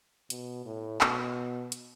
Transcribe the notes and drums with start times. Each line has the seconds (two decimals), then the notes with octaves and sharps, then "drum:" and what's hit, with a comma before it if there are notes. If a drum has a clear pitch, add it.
0.30 B2, drum: hi-hat
0.66 A2
1.01 B2, drum: clap
1.72 drum: hi-hat